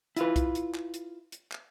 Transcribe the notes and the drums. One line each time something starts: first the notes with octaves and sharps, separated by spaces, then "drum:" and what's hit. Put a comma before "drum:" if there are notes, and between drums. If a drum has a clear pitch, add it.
E4 F4 B4, drum: hi-hat
drum: kick C2, hi-hat
drum: hi-hat
drum: clap
drum: hi-hat
drum: hi-hat
drum: clap